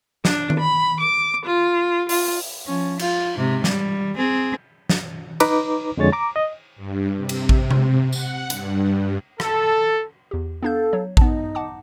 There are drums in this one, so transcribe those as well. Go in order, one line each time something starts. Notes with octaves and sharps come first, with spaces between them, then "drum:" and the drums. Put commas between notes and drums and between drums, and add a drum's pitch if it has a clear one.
D4, drum: snare
drum: tom D#3
B5
D6
F4
F4, drum: open hi-hat
F3 C#4
F4, drum: cymbal
G#2 C3
G3, drum: snare
C4 G#4
drum: snare
D#4 B4 A#5 D6, drum: cymbal
F2 D3 G#3 C#5 A6
A#5 D6
D#5
G2
C3
drum: cymbal
drum: kick A1
drum: tom C3
F#5, drum: tambourine
G2, drum: hi-hat
A4, drum: rim click
E2 G4
B3 D4 A4 F5 G6
F#3 C#5
B3 D#4 A5, drum: kick A1
F#5 A5 D6